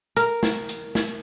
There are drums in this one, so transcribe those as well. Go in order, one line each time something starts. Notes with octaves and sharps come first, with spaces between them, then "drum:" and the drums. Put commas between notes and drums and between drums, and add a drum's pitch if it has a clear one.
A#4, drum: hi-hat
drum: snare
drum: hi-hat
drum: snare